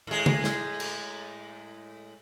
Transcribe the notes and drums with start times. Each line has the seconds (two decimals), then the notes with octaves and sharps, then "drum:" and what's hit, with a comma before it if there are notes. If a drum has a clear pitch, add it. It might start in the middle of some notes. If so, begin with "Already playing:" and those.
0.07 A2 G#3
0.26 drum: tom C#3
0.44 drum: snare
0.80 drum: cymbal